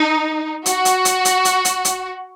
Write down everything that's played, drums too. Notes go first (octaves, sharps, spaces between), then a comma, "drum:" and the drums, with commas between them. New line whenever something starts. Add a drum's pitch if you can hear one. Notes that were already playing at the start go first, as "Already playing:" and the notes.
Already playing: D#4
F#4, drum: hi-hat
drum: hi-hat
drum: hi-hat
drum: hi-hat
drum: hi-hat
drum: hi-hat
drum: hi-hat